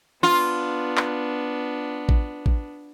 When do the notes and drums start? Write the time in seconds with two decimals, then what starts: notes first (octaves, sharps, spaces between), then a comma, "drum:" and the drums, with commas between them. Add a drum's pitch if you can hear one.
0.23 B3 D4 F4
0.97 drum: clap
2.09 drum: kick A1
2.46 drum: kick A1